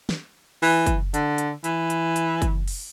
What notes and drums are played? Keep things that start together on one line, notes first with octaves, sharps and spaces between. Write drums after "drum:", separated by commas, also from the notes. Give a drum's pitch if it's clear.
drum: snare
E3, drum: open hi-hat
drum: kick F#1, hi-hat
D3, drum: hi-hat
drum: hi-hat
E3, drum: hi-hat
drum: hi-hat
drum: hi-hat
drum: kick F#1, hi-hat
drum: open hi-hat